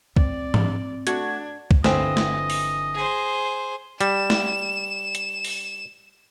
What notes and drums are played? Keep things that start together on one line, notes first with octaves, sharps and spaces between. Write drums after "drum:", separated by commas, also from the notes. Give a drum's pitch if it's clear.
C4 D5, drum: kick
drum: tom G#2
A3 D4 F#4 G#6, drum: hi-hat
drum: kick
G1 D3 E3 F3 C4 D#5 G#5, drum: snare
drum: snare
drum: open hi-hat
G#4 C5
G3 E7, drum: hi-hat
drum: snare
drum: hi-hat
drum: open hi-hat